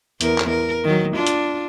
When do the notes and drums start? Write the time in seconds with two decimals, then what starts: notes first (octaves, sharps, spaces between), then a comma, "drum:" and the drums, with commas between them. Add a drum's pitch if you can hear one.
0.21 E2 A#4, drum: hi-hat
0.38 drum: clap
0.49 A#4
0.84 D#3 F#3
1.16 D4 F4
1.27 drum: hi-hat